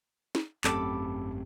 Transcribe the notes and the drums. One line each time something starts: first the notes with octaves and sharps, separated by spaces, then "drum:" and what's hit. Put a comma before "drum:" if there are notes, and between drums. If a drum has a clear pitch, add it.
drum: snare
G#1 F#2 A3 C4 G4 A4 B5 D6, drum: clap